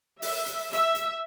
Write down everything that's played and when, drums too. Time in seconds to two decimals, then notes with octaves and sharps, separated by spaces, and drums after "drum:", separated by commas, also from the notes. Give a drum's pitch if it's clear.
0.22 E5, drum: open hi-hat
0.46 drum: hi-hat
0.73 E5, drum: hi-hat
0.95 drum: hi-hat